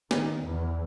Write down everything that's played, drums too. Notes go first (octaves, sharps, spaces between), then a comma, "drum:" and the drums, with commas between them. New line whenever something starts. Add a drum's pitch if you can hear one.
D#3, drum: snare
E2